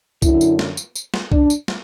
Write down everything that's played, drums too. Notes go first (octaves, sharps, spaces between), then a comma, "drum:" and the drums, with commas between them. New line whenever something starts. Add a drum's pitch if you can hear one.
F#2 D3 E4, drum: kick, tambourine
drum: tambourine
drum: snare
drum: tambourine
drum: tambourine
drum: snare
D4, drum: kick
drum: tambourine
drum: snare